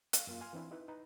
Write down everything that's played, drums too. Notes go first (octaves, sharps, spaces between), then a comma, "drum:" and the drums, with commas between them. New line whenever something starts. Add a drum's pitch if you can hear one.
F5, drum: hi-hat
F#2 A#3 F4
F5 G#5 C6 F6
E3 C4 D4 E4
D#4 E4 B4
D#4 B4 A#5